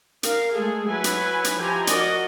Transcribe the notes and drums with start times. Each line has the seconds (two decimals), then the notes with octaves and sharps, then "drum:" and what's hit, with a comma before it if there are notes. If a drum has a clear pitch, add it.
0.23 A#4 F5, drum: hi-hat
0.55 G#3 A3 G#4 A4
0.87 F#3 E4 B4 G#5
1.04 drum: hi-hat
1.44 drum: hi-hat
1.59 F3 E4 G4 G#5 A#5
1.87 F#4 A#4 D5 D#5, drum: hi-hat